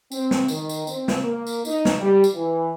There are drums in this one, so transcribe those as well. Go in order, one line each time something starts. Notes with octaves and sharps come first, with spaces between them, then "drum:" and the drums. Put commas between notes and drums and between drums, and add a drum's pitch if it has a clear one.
C4, drum: tambourine
drum: snare
D#3, drum: tambourine
drum: tambourine
C4, drum: tambourine
drum: snare
A#3
drum: tambourine
D#4, drum: tambourine
drum: snare
G3
drum: tambourine
E3